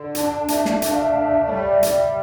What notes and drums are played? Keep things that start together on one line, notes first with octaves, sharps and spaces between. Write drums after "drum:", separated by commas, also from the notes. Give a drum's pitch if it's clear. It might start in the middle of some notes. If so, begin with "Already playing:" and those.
Already playing: D3
D4, drum: hi-hat
A3, drum: hi-hat
drum: snare
D4 E5, drum: hi-hat
F5
E5
A3 F5
E5
G3 C#5
D5
G3, drum: hi-hat
E5